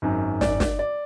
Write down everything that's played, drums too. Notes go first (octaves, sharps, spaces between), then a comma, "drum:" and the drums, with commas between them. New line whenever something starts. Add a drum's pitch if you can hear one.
G#1 F#2 D#3
D5, drum: snare
drum: snare
D5